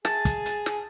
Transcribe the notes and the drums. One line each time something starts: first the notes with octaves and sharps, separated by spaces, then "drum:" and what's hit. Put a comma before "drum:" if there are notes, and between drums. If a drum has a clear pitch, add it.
G#4 A5, drum: snare
drum: kick, hi-hat
drum: hi-hat
drum: snare